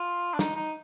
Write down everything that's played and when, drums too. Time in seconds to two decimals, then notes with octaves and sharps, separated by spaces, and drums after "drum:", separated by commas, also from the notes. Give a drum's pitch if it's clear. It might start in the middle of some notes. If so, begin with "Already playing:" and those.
Already playing: F4
0.33 D4
0.39 D#4, drum: snare
0.55 D#4